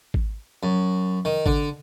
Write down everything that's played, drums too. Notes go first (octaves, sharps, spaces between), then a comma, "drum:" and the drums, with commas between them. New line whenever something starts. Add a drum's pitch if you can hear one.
drum: kick G#1
F#2
D#3
D3, drum: kick G#1